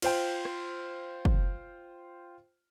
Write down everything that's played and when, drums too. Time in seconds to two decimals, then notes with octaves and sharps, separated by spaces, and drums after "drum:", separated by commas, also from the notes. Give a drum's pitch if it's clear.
0.02 F4 C5 G5, drum: cymbal
0.45 drum: rim click
1.25 drum: kick